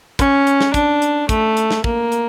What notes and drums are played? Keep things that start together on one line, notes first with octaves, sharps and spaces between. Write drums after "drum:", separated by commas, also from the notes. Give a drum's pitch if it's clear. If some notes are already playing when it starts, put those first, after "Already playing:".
C#4, drum: kick, hi-hat
drum: hi-hat
drum: snare
D4, drum: kick, hi-hat
drum: hi-hat
A3, drum: kick, hi-hat
drum: hi-hat
drum: snare
A#3, drum: kick
drum: hi-hat